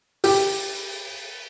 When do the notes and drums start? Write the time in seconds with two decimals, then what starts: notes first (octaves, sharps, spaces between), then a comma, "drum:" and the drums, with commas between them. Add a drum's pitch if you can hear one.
0.24 G4, drum: open hi-hat